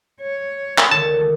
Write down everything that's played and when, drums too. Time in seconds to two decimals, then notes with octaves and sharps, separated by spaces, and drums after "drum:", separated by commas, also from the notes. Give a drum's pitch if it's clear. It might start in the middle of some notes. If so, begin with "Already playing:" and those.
0.21 C#5
0.78 drum: clap
0.91 C#2 D3 D#3 A5